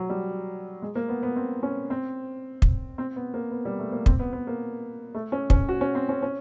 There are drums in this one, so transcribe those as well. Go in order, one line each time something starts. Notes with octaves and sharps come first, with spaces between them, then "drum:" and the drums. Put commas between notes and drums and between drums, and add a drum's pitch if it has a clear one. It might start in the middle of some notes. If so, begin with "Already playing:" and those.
Already playing: F#3
G3
G#3
A#3
B3
B3
C4
C#4
C4
drum: kick
C4
B3
A#3
B3
G3
A3
A#3
C4, drum: kick
B3
B3
A#3
A3
C#4
C#4, drum: kick
F#4
C#4
C4
C#4
C#4